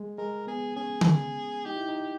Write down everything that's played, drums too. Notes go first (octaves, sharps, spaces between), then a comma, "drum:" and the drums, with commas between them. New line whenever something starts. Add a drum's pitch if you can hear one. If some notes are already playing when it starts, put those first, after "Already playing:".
Already playing: G#3
G#3 A#4
B3 G#4
C#4 G#4
drum: tom D3
D#4 G4
E4
D#4